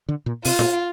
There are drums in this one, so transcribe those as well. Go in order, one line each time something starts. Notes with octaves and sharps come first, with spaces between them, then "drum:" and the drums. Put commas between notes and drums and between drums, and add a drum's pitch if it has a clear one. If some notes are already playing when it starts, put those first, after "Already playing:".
D3
A#2
C3 F4, drum: open hi-hat
A#2, drum: snare F4